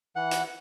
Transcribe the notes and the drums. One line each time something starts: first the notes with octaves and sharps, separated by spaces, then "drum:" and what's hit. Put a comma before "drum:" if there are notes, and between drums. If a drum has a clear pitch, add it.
E3 F#5
drum: hi-hat